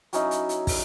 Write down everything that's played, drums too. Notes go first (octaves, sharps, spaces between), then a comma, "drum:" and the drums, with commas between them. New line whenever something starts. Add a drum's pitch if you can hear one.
F#3 C#4 D#4 E4, drum: hi-hat
drum: hi-hat
drum: hi-hat
drum: kick, open hi-hat